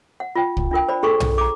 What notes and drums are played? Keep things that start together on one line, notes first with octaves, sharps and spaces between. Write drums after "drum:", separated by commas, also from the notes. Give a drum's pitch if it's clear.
F#5
F4 G5
drum: kick
D4 F4 A#4 G5
C5 D5 B5
D4 G#4 A4 C6 C#6
drum: tom B1
A#5 D6